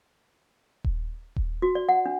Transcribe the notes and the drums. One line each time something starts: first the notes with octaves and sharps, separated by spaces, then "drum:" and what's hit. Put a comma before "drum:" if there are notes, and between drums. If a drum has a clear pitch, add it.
drum: kick D#1
drum: kick D#1
F#4
D5
F#5
D4